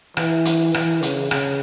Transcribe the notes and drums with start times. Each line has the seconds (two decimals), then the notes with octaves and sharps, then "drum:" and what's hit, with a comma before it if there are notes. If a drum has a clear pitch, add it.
0.17 E3, drum: rim click
0.45 drum: hi-hat
0.74 E3, drum: rim click
1.03 C#3, drum: hi-hat
1.31 C#3, drum: rim click